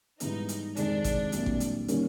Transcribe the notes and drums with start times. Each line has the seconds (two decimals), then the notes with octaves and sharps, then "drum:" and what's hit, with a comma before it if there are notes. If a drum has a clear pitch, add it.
0.20 G#2 E3 G3 B3 D#4, drum: hi-hat
0.49 drum: hi-hat
0.76 F2 C3 D#3 G#3 C4 D4, drum: hi-hat
1.04 drum: kick G#1, hi-hat
1.32 C2 A#2 F#3, drum: hi-hat
1.46 drum: kick G#1
1.60 drum: hi-hat
1.88 D#3 G3 A#3 C#4, drum: hi-hat